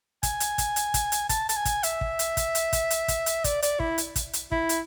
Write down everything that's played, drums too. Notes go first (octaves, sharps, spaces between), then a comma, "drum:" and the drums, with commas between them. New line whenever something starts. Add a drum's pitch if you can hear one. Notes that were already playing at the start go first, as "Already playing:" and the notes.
G#5, drum: kick, hi-hat
drum: hi-hat
drum: kick, hi-hat
drum: hi-hat
drum: kick, hi-hat
drum: hi-hat
A5, drum: kick, hi-hat
A5, drum: hi-hat
G#5
drum: kick, hi-hat
E5, drum: hi-hat
drum: kick
drum: hi-hat
drum: kick, hi-hat
drum: hi-hat
drum: kick, hi-hat
drum: hi-hat
drum: kick, hi-hat
drum: hi-hat
D5, drum: kick, hi-hat
D5, drum: hi-hat
E4, drum: kick
drum: hi-hat
drum: kick, hi-hat
drum: hi-hat
E4, drum: kick
drum: hi-hat